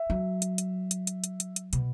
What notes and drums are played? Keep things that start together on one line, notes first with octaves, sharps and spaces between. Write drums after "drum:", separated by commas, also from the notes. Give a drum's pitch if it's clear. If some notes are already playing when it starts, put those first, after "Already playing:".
Already playing: E5
F#3
drum: hi-hat
drum: hi-hat
drum: hi-hat
drum: hi-hat
drum: hi-hat
drum: hi-hat
drum: hi-hat
B2, drum: hi-hat